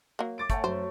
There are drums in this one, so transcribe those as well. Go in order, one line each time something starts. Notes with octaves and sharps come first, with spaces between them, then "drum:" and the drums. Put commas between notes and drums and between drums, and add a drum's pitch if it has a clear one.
F#3 A#3
D6 A6 D7
A3 C#5 F#5 G#5 C#6, drum: kick, hi-hat
F#2 C5